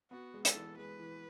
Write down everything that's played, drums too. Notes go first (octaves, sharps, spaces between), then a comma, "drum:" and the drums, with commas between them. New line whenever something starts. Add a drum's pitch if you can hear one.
B3 F#4
G#3
A4, drum: hi-hat
E3
G#3 B4
E3